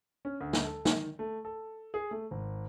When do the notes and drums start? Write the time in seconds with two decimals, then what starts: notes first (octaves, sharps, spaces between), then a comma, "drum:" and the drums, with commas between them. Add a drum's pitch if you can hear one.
0.25 C#4
0.41 D2
0.53 drum: snare
0.64 A4
0.85 D#3, drum: snare
1.19 A3
1.45 A4
1.94 G#4
2.11 A3
2.31 G#1